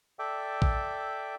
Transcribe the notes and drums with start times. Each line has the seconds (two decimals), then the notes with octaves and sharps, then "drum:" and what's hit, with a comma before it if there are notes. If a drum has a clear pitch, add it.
0.19 A4 D5 E5 G5 D6
0.62 drum: kick A1